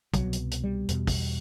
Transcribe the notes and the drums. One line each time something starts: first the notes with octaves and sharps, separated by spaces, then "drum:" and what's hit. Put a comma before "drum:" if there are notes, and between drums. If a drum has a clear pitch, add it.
C2 B2 F#3, drum: kick, hi-hat
drum: hi-hat
drum: hi-hat
G3
E2 B2, drum: hi-hat
drum: kick, open hi-hat